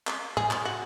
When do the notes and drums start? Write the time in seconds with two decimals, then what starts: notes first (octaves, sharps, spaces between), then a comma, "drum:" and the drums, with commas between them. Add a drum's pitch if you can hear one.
0.07 drum: clap
0.37 G#4, drum: tom
0.51 drum: clap
0.65 F#4